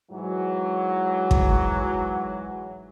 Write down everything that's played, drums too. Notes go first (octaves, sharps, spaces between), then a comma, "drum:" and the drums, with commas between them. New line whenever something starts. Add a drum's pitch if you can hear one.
G#2 E3 F#3
drum: kick